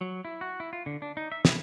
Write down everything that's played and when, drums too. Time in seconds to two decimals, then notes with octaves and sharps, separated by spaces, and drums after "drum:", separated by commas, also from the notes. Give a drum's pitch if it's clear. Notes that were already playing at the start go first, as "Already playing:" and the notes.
0.01 F#3
0.25 E4
0.41 F#4
0.60 E4
0.73 F4
0.86 D3
1.02 D4
1.17 D#4
1.32 E5
1.45 E4, drum: snare